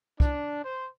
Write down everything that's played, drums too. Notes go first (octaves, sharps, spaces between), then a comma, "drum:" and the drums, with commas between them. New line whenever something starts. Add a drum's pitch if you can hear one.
D4, drum: kick
C5